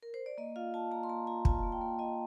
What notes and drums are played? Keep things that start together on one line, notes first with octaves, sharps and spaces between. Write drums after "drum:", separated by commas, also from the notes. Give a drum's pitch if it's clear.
A#4
C5
D5
A#3 D#5
F4 F5
F4 A5
A#3 A#5
C6
A#3 A#5
F4 A#5
F4 A5, drum: kick
A#3
G5
A#3
F4 D#5